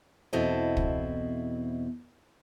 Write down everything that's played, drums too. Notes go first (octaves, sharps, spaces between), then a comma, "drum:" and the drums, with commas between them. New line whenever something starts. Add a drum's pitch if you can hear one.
E2 B2 C4 E4 A4 D#5
drum: kick